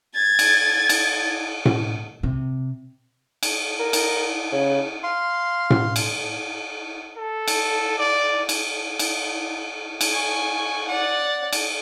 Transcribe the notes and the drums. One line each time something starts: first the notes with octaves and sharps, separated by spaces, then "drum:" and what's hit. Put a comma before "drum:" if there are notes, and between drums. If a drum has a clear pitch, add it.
G#6 A6
drum: cymbal
drum: cymbal
drum: tom A2
C3
drum: cymbal
A#4
drum: cymbal
C#3
F5 C6
drum: tom A2
drum: cymbal
A4
drum: cymbal
D5
drum: cymbal
drum: cymbal
drum: cymbal
G#5 C#6
D5 F#5
drum: cymbal